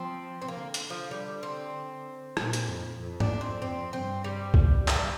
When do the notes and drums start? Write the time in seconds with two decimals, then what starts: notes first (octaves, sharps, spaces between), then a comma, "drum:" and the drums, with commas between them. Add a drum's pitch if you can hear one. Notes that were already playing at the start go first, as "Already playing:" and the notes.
Already playing: F3 C4
0.42 C4
0.48 D3 A#3
0.74 drum: hi-hat
0.90 F3
1.11 G3
1.43 C4
2.37 A#2, drum: rim click
2.53 drum: hi-hat
2.68 F2
3.00 F2
3.20 D4, drum: tom G#2
3.41 C4
3.62 F2 C4
3.93 G2 C4
4.24 G3
4.54 drum: kick
4.88 A#3, drum: clap
4.96 G3